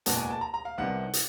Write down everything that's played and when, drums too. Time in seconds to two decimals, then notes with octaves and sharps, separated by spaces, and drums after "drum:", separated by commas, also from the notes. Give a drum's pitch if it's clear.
0.06 F#1 E2 B2 G#3 B3 A5, drum: hi-hat
0.17 G#5
0.30 A5
0.41 A#5
0.54 A#5
0.65 F5
0.78 C2 C3 D#3 G3 B3 F#5
1.13 drum: hi-hat